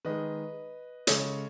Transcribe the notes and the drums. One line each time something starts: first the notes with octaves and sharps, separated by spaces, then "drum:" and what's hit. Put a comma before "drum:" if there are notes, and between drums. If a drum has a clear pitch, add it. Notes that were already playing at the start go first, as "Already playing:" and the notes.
D#3 G#3 B4 D#5
C#3 G#3 A4 C#5, drum: hi-hat